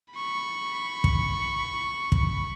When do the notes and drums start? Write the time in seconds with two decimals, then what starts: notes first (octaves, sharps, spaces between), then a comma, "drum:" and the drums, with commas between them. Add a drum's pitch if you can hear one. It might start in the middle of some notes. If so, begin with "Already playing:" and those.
0.13 B5 C#6
1.04 drum: kick
2.12 drum: kick